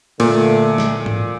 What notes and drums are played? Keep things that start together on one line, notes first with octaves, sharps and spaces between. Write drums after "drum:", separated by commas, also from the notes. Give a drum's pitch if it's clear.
A#2 D3 A3, drum: cymbal
drum: snare
drum: tom